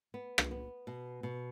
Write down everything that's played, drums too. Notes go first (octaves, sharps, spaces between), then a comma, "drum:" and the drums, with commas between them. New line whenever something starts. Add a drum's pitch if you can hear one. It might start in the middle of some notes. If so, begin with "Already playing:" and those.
B3
drum: rim click
B3
B2
B2